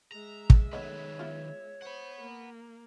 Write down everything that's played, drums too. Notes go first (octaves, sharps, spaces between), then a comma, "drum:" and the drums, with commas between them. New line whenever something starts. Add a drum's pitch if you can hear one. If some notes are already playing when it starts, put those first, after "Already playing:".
G#3 E5 A#5
drum: kick
D#3 A3 B3 B4 C#5 D#5
B3 E4 F4
C5 F#5 B5 C#6
A#3